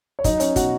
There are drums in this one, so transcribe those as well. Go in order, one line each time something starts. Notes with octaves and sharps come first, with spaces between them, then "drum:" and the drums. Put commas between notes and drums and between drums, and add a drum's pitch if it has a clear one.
C#5
F#3 D#4 D#5, drum: kick, hi-hat
C#4 C#5, drum: hi-hat
B2 F#4 F#5, drum: kick, hi-hat